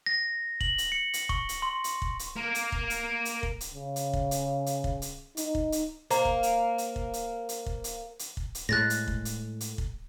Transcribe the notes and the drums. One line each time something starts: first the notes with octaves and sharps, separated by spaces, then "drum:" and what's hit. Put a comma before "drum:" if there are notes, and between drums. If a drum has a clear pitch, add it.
A#6
F#7, drum: kick
drum: hi-hat
C#7
drum: hi-hat
C#6, drum: kick
drum: hi-hat
C6
drum: hi-hat
drum: kick
drum: hi-hat
A#3 A#4
drum: hi-hat
drum: kick
drum: hi-hat
drum: hi-hat
drum: kick
drum: hi-hat
C#3
drum: hi-hat
drum: kick
drum: hi-hat
drum: hi-hat
drum: kick
drum: hi-hat
D#4, drum: hi-hat
drum: kick
drum: hi-hat
A#3 C5 A#5, drum: hi-hat
drum: kick
drum: hi-hat
drum: hi-hat
drum: kick
drum: hi-hat
drum: hi-hat
drum: kick
drum: hi-hat
drum: hi-hat
drum: kick
drum: hi-hat
A2 G#3 F#6 A6 A#6
drum: hi-hat
drum: kick
drum: hi-hat
drum: hi-hat
drum: kick